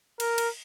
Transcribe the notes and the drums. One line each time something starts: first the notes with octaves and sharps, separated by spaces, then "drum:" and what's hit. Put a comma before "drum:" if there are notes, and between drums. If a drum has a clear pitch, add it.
A#4, drum: cymbal
drum: cymbal